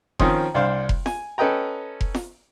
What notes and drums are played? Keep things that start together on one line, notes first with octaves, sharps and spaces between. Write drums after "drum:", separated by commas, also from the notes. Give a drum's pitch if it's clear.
D#3 F3 C4 C#4 C6 D#6, drum: kick F1
C2 D4 C5 F5
drum: kick F1
G#5, drum: snare
C#4 A4 B4 D#5 G5 A#5
drum: kick F1
drum: snare